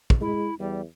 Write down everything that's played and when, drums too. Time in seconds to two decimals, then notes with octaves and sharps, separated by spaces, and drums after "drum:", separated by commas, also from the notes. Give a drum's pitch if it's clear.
0.10 drum: kick
0.21 G#3 E4
0.59 E2 G3